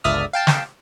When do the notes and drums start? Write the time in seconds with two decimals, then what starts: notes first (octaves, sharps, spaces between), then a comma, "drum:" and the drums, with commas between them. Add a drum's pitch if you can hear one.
0.04 G1 C#2 D5 E5 D#6 F6
0.33 F5 G5 A5
0.47 drum: snare